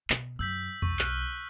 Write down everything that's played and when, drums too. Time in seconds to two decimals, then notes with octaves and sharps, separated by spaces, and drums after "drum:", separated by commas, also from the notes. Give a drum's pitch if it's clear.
0.10 B2, drum: clap
0.39 F#2 E6 G6 B6
0.82 B1 C#6, drum: tom E2
0.99 F6 F#6, drum: clap